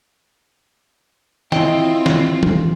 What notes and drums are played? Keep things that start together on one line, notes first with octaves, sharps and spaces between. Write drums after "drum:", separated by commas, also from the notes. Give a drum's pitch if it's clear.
C4 E4 F4 D#5 G5, drum: snare
drum: snare
drum: tom E3